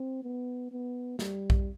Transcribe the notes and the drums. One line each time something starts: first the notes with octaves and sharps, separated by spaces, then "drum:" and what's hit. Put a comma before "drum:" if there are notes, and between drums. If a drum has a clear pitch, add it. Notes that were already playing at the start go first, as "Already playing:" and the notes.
Already playing: C4
B3
B3
G3, drum: snare
drum: kick A#1